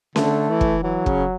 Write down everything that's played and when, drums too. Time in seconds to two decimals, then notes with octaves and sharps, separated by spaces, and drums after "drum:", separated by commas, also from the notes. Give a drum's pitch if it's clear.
0.16 D3 A3, drum: snare C#4
0.49 E3
0.61 drum: kick
0.83 E3 F#3
1.06 C#3, drum: kick